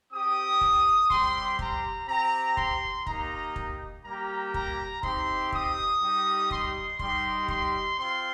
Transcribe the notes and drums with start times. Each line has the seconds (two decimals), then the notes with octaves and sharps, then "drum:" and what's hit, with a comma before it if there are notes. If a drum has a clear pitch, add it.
0.12 C4 G4 D#6
0.61 drum: kick
1.10 G3 C4 G4 C6, drum: kick
1.59 A#5, drum: kick
2.08 C4 G4 A#5
2.57 C6, drum: kick
3.07 A#3 D#4 G4 A#5, drum: kick
3.56 drum: kick
4.04 G3 A#3 G4 A#5
4.54 A#5, drum: kick
5.03 C4 D#4 G4 C6, drum: kick
5.52 D#6, drum: kick
6.01 G3 D#4 G4
6.51 C6, drum: kick
6.99 G3 D#4 G4 C6, drum: kick
7.48 C6, drum: kick
7.98 C4 F4 C6